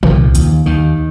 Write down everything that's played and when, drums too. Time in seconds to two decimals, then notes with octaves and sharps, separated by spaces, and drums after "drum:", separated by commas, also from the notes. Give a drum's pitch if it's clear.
0.03 C2 A#2 F3, drum: tom
0.35 D#2, drum: hi-hat
0.66 D#2 D#3